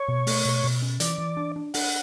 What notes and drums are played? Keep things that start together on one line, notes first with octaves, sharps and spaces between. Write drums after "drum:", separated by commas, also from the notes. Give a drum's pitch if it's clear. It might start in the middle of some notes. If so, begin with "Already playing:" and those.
Already playing: C#5
B2
A3, drum: open hi-hat
B2
B2
C#4
E3 D5, drum: hi-hat
E3
D4
D4
D4 F#5, drum: open hi-hat